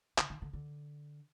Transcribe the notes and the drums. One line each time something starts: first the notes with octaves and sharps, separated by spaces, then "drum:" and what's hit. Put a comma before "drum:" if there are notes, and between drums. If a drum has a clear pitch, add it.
D3, drum: clap
D#3
D3
D3